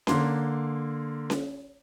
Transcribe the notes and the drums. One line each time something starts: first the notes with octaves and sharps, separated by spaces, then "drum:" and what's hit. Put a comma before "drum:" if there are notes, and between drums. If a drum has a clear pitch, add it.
D3 A#3 C6, drum: snare C#4
drum: snare C#4